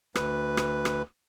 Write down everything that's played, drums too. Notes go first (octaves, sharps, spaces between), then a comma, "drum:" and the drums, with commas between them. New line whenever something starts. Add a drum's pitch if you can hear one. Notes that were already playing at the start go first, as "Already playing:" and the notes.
D2 B4, drum: rim click
drum: rim click
drum: rim click